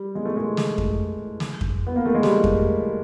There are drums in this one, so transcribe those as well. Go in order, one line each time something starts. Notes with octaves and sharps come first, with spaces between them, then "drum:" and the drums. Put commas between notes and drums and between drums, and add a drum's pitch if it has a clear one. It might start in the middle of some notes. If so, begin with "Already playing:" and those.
Already playing: G3
G#3
A3
G#3
drum: snare
drum: kick F2
drum: snare
drum: kick F2
B3
A#3
A3
G#3
G3, drum: snare
drum: kick F2